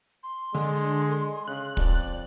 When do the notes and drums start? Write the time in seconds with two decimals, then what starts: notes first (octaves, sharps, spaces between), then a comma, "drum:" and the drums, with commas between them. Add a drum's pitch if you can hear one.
0.23 C6
0.54 D3 G#3
1.48 C#3 F#6
1.77 F2 D5, drum: kick